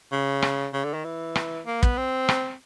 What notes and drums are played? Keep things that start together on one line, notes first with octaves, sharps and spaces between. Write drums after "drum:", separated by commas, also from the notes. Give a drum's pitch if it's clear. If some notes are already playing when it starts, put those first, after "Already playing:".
C#3
drum: rim click
C#3
D3
D#3
E3
drum: rim click
A#3
B3, drum: kick
C4
drum: rim click